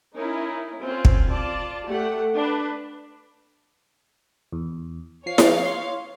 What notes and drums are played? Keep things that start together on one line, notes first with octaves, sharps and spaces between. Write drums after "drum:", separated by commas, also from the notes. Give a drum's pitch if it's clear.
C#4 D#4 E4 A#4
C4 C#4 F4
drum: kick
F4 D5 A5
A3 G4 F#5
D4 B4
E2
F3 C#5 F5 C7
drum: snare E4
C6